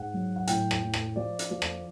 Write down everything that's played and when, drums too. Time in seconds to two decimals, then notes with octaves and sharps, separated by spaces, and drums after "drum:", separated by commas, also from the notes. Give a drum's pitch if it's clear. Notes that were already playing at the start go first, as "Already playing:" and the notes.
Already playing: G#2 F#5
0.14 F#3
0.36 F#5
0.47 A2 G5, drum: hi-hat
0.71 drum: rim click
0.82 A2
0.94 drum: rim click
1.16 F3 D5
1.39 drum: hi-hat
1.51 F3
1.62 drum: rim click